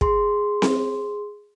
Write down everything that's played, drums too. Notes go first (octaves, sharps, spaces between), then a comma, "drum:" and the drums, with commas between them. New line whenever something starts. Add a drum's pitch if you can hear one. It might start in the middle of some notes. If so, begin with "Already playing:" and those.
G#4 C6, drum: kick
drum: snare C4